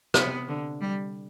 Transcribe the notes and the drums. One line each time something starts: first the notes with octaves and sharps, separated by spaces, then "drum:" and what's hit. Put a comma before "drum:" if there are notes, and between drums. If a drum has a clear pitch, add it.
C3 B3, drum: rim click
D3
G3